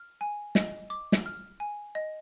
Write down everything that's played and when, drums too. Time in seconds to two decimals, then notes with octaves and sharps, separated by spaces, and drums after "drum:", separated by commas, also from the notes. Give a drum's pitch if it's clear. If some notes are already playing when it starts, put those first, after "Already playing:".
Already playing: F6
0.21 G#5
0.55 D#5, drum: snare
0.90 D6
1.12 drum: snare
1.26 F6
1.60 G#5
1.95 D#5